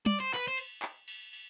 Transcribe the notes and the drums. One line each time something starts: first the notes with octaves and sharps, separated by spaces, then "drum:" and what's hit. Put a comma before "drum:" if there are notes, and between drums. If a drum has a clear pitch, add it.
D5, drum: tom G3
C5
B4, drum: clap
C5
drum: cymbal
drum: clap
drum: cymbal
drum: cymbal